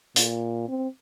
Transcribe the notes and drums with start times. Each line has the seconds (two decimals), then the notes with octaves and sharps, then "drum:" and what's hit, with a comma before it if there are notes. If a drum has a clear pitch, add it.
0.16 A#2, drum: hi-hat
0.68 C4